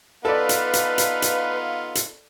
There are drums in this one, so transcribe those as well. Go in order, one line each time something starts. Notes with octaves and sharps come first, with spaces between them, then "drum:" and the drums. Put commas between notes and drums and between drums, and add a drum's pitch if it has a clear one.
B3 D#4 F4 A4 B4 D5 F5
drum: hi-hat
drum: hi-hat
drum: hi-hat
drum: hi-hat
drum: hi-hat